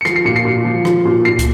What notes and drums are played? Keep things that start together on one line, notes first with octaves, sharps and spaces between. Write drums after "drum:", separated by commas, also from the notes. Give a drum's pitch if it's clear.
C#7
F3 C7, drum: rim click
C7
A#2 C#7
C7
A#2
F3
F3, drum: rim click
A#2
A#2 C7
drum: kick, hi-hat